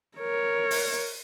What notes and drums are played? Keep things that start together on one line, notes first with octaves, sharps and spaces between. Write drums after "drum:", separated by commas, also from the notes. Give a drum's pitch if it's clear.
A#4 C#5
drum: open hi-hat